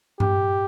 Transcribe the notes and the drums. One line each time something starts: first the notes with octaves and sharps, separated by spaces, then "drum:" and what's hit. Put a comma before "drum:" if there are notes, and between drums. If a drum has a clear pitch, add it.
G4, drum: tom G2